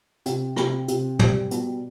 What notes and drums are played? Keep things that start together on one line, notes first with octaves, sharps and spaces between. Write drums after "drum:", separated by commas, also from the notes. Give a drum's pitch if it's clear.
C3, drum: hi-hat
C3, drum: rim click
C3, drum: hi-hat
G3, drum: tom
B2, drum: hi-hat